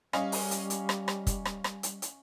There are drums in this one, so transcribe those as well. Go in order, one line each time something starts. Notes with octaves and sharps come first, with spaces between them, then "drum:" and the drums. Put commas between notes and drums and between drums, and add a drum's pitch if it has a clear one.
G3 C#4 D#5 F5, drum: rim click
drum: open hi-hat
drum: hi-hat
drum: hi-hat
drum: rim click
drum: rim click
drum: kick, hi-hat
drum: rim click
drum: rim click
drum: hi-hat
drum: hi-hat